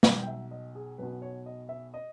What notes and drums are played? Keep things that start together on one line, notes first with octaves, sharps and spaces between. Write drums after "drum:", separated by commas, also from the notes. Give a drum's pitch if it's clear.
B1 B2 G5, drum: snare
G5
E5
D#5
G#4
B1 B2 B4
C#5
D#5
E5
D#5